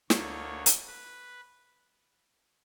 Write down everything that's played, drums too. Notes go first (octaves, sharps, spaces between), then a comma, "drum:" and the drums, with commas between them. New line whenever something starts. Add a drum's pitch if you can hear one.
D2 D3 A#3 C#5, drum: snare
drum: hi-hat
B4